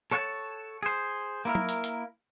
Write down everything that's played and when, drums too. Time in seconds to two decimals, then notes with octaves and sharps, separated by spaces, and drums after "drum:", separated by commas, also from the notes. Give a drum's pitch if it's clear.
0.11 A4 C#5 F#5 G#5 A5
0.83 G#4 C5
1.45 A#3 E4 A#4
1.55 drum: tom
1.69 drum: hi-hat
1.84 drum: hi-hat